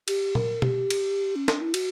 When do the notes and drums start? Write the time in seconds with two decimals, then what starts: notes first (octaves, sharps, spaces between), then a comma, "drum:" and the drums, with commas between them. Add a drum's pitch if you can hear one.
0.08 G4, drum: cymbal
0.35 A#4, drum: tom A#2
0.62 G4, drum: tom B2
0.90 drum: cymbal
1.36 C#4
1.48 D4, drum: snare
1.61 E4
1.74 F#4, drum: cymbal